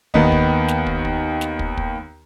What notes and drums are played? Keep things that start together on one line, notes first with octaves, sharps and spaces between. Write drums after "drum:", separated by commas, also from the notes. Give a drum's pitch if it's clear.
D#2 D#3 B3 D#4, drum: kick
drum: kick
drum: snare
drum: kick
drum: kick
drum: snare
drum: kick
drum: kick